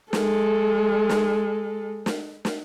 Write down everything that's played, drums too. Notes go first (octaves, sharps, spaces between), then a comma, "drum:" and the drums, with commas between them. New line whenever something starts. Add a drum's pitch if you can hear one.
G#3 A4, drum: snare
drum: snare
drum: snare
drum: snare